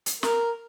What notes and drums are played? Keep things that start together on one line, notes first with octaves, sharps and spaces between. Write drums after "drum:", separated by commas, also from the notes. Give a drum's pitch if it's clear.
drum: hi-hat
A#4, drum: snare